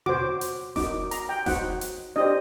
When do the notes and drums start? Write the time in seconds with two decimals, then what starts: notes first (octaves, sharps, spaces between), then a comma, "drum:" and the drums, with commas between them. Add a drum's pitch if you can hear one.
0.06 F#4 C5 D6, drum: tom B2
0.41 drum: hi-hat
0.76 D#4 F#4 A#4 D6, drum: snare F1
1.11 A#5, drum: hi-hat
1.29 G5
1.46 D#4 F#4 C5 F#5, drum: snare F1
1.81 drum: hi-hat
2.16 D4 G4 C5 D#5